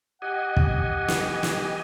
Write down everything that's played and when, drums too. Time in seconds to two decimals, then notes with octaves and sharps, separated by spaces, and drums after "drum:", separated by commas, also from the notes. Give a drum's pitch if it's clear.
0.22 G4 D#5 F#5 G#5
0.57 drum: kick
1.08 drum: snare
1.43 drum: snare